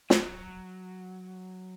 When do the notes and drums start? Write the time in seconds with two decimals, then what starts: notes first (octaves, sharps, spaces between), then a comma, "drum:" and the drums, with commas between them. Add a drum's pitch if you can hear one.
0.10 F#3, drum: snare